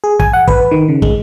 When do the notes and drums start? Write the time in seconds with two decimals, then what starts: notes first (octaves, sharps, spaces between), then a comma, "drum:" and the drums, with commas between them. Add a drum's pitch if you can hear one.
0.04 G#4
0.20 G#5, drum: kick
0.33 F#5
0.48 B4, drum: kick
0.71 D#3
0.88 C#3
1.02 G#3, drum: kick